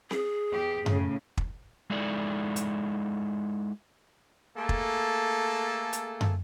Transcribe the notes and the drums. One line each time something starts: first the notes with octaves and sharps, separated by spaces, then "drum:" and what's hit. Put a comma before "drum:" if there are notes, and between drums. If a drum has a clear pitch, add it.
G#4, drum: snare C4
E2 G4
A2 C#3, drum: tom F#2
drum: kick
G#3 D#4 E4 A4 D5
drum: hi-hat
A3 A#3 G#4 A4
drum: kick
drum: hi-hat
drum: tom F#2